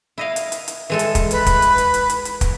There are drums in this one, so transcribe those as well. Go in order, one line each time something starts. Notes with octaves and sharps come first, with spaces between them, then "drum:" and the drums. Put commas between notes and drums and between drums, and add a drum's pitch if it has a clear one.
E4 D#5 F5
drum: hi-hat
drum: hi-hat
drum: hi-hat
E3 G#3 A4
drum: hi-hat
drum: kick, hi-hat
B4, drum: hi-hat
drum: kick, hi-hat
drum: hi-hat
drum: hi-hat
drum: hi-hat
drum: hi-hat
drum: hi-hat
drum: kick, hi-hat